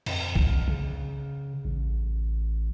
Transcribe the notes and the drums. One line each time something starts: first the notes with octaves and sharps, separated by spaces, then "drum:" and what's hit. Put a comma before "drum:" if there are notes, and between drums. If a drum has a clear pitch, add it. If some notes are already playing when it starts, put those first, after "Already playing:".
F2, drum: cymbal
drum: kick B1
C#3
A1